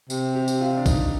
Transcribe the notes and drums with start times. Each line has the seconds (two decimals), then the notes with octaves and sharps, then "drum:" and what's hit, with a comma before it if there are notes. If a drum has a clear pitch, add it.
0.10 C3, drum: tambourine
0.35 G4
0.48 drum: tambourine
0.61 F4
0.77 D4
0.86 D#4, drum: kick A#1, tambourine